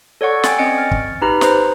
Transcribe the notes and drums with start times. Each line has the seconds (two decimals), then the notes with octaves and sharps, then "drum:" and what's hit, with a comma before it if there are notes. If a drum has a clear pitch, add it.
0.21 A4 C#5 D5 F#5 C#6
0.43 G5 G#5 A6, drum: snare
0.58 C4 C#4 D#5 G#5 C#7 D7
0.78 F6 A6
0.91 drum: kick
1.22 D#4 G4 B4 A#5 B5
1.41 B4 C5 A#5, drum: snare